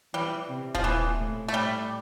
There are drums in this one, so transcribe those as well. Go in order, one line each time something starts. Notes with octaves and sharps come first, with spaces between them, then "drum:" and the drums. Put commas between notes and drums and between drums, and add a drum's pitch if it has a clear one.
E3 G3
C3
F3, drum: kick D#1
A#2 E3
A2
A3
A2 G3